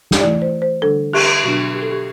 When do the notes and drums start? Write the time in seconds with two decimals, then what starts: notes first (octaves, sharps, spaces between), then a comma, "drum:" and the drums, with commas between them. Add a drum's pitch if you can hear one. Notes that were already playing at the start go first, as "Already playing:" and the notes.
0.11 drum: snare
0.21 E3 A3 E4 D5
0.42 C5
0.62 C5
0.82 D3 G3 D4 A4
1.13 G4, drum: cymbal
1.43 B2 F#3 B3 D4 F#4
1.74 G4
1.82 A4
1.91 G4